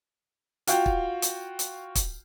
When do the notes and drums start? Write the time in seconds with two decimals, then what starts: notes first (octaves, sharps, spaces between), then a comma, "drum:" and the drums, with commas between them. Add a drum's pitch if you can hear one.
0.67 F4 F#4 F5 G5, drum: hi-hat
0.86 drum: kick
1.22 drum: hi-hat
1.59 drum: hi-hat
1.95 drum: kick, hi-hat